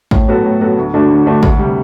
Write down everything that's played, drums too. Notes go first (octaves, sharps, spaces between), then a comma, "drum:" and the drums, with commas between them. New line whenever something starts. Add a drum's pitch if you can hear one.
A2, drum: kick A1
F#3 B3 F#4 A4
A2
F#3 B3 F#4 A4
D2
D3 A3 D4 F#4
D2
D3 A3 D4 F#4
D2, drum: kick A1
C3 G3